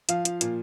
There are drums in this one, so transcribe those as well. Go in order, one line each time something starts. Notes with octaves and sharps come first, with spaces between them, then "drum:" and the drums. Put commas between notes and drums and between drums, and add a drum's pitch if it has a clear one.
F3 F5, drum: hi-hat
F3, drum: hi-hat
A#2, drum: hi-hat